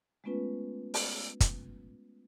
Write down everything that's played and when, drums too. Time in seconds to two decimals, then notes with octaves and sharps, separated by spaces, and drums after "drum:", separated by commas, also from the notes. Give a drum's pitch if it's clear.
0.24 G#3 A3 B3 C#4 F4 B4
0.94 drum: open hi-hat
1.40 drum: kick, hi-hat